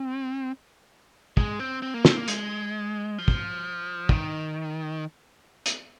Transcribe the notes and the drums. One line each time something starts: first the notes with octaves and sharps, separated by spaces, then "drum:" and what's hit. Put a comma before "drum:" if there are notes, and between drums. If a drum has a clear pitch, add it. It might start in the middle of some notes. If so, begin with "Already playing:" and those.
Already playing: C4
G#3, drum: kick
C4
C4
A#3
C4, drum: snare
A#3
G#3, drum: hi-hat
F3
drum: kick
D#3, drum: kick
drum: hi-hat